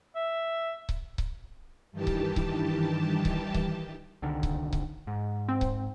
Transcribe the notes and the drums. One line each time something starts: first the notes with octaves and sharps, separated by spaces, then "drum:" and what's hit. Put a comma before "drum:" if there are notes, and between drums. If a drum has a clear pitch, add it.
E5
drum: kick C#1
drum: kick C#1
G2 D#3 E3 G4 A5
drum: kick C#1
drum: kick C#1
drum: kick C#1
drum: kick C#1
C2 D3 D#3
drum: kick C#1
drum: kick C#1
G#2
C4
drum: kick C#1